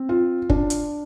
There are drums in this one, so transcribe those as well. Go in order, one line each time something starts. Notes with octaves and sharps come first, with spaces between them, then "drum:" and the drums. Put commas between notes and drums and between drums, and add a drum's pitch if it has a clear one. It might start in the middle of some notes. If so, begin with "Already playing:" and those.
Already playing: C4
F4
D4, drum: kick
drum: hi-hat